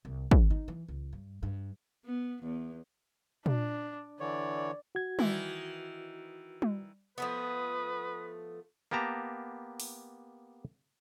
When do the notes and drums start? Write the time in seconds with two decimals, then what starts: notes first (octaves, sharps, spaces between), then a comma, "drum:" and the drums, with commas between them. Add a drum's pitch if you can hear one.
0.05 C2
0.31 D3, drum: kick
0.50 D#4
0.68 E3
0.88 C#2
1.13 G2
1.43 G2
2.05 B3
2.44 E2
3.46 D4, drum: tom A#2
4.20 D3 E3 C#5 D5
4.95 F#4 G#6
5.19 D#3 E3 E4, drum: tom G3
6.62 drum: tom G3
7.18 F3 A3 B3 B4 D#6
8.91 A#3 B3 G4 A5 A#5
9.80 drum: open hi-hat